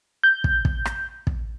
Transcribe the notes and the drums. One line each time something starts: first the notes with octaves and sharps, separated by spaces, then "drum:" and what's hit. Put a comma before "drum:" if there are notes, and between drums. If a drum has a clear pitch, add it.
G6
drum: kick
drum: kick
drum: rim click
drum: kick